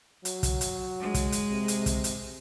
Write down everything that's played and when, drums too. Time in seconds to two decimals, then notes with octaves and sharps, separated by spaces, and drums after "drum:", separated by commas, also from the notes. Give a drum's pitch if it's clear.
0.25 F#3, drum: hi-hat
0.43 drum: kick, hi-hat
0.61 drum: hi-hat
1.00 G#3
1.14 drum: kick, hi-hat
1.32 drum: hi-hat
1.51 C3
1.68 drum: hi-hat
1.86 drum: kick, hi-hat
2.04 drum: hi-hat